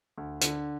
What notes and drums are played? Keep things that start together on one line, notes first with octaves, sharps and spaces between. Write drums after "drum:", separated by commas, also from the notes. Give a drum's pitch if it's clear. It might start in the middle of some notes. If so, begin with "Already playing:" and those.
D2
D3, drum: hi-hat